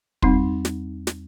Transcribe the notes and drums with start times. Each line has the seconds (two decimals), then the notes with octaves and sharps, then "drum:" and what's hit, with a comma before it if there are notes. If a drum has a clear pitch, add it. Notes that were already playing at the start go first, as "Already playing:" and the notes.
0.22 E2 G3 C4 D#4 C6, drum: kick
0.65 drum: snare
1.07 drum: snare